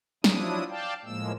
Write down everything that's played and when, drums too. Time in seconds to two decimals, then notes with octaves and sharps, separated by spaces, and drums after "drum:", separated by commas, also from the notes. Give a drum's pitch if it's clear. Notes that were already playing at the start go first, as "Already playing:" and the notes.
0.24 F3 F#3 D4 E4 D#6, drum: snare
0.69 D5 F5 G5 A5
1.05 A2 F3 G#3 A#3 E6